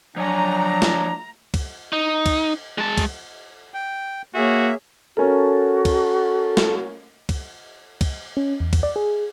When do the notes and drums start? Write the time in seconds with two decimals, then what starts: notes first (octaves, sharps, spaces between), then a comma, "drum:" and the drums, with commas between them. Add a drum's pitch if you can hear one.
0.16 F3 F#3 D4 C#5 G#5 A#5
0.82 drum: snare
1.54 drum: kick, cymbal
1.93 D#4
2.26 drum: kick, cymbal
2.78 G#3 A5
2.98 drum: kick, cymbal
3.74 G5
4.35 A#3 F#4 G#4 C#5 E5
5.17 C#4 F#4 A4 A#4
5.85 drum: kick, cymbal
6.57 drum: snare
7.29 drum: kick, cymbal
8.01 drum: kick, cymbal
8.37 C#4
8.60 E2
8.73 drum: kick, cymbal
8.83 D5
8.96 G#4